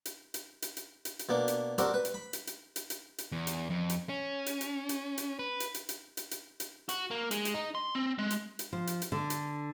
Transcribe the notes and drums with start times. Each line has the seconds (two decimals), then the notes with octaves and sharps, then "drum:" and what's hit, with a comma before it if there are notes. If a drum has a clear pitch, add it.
0.05 drum: hi-hat
0.34 drum: hi-hat
0.62 drum: hi-hat
0.77 drum: hi-hat
1.05 drum: hi-hat
1.19 drum: hi-hat
1.29 B2 A#3 D4
1.48 drum: hi-hat
1.78 C4 D4 F#4 G4 A#4, drum: hi-hat
1.94 B4
2.05 drum: hi-hat
2.14 B5
2.33 drum: hi-hat
2.47 drum: hi-hat
2.76 drum: hi-hat
2.90 drum: hi-hat
3.18 drum: hi-hat
3.32 E2
3.47 drum: hi-hat
3.70 F2
3.90 drum: hi-hat
4.09 C#4
4.46 drum: hi-hat
4.61 drum: hi-hat
4.89 drum: hi-hat
5.18 drum: hi-hat
5.39 B4
5.60 drum: hi-hat
5.74 drum: hi-hat
5.89 drum: hi-hat
6.17 drum: hi-hat
6.31 drum: hi-hat
6.60 drum: hi-hat
6.89 F#4, drum: hi-hat
7.11 A#3
7.31 G#3, drum: hi-hat
7.45 drum: hi-hat
7.54 D#4
7.75 C6
7.95 C4
8.19 G#3
8.30 drum: hi-hat
8.59 drum: hi-hat
8.73 F3
8.87 drum: hi-hat
9.02 drum: hi-hat
9.12 D3
9.30 drum: hi-hat